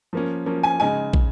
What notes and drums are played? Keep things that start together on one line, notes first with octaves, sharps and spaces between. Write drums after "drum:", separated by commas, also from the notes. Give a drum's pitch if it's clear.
F3 A#3 C#4
F3 A#3 C#4
G#5
C#3 G#3 D#4 G#5
drum: kick